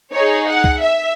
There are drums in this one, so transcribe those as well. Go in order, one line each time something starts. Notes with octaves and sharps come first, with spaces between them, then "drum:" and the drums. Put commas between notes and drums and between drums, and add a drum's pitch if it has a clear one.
D#4 G#4 C#5
F#5
drum: kick C2
E5